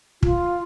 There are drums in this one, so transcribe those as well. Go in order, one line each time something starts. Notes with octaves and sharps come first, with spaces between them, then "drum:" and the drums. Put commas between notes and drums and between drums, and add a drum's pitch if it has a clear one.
F4, drum: kick